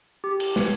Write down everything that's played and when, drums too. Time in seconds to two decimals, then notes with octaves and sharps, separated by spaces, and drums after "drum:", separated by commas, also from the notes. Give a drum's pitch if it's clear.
0.24 G4
0.40 drum: cymbal
0.56 F#4, drum: snare